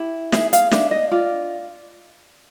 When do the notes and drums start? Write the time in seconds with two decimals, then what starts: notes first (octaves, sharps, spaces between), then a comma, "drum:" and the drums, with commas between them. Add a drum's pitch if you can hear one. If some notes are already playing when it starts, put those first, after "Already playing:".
Already playing: E4 G4
0.32 G#4 E5, drum: snare
0.53 F5, drum: hi-hat
0.71 D4 E5, drum: snare
0.91 D#5
1.11 F4 D5